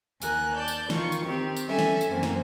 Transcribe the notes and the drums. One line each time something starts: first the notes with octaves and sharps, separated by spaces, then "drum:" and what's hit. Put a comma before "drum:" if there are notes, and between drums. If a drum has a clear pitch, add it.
D#2 A#4 G#5 F#6, drum: tambourine
D5 A5 G6
drum: tambourine
D#3 F4 C#6, drum: snare
drum: tambourine
D#3 C4 G4
drum: tambourine
G3 C#4 A4 E5 G#5
drum: snare
drum: tambourine
F#2 E3 A#3 C4
drum: snare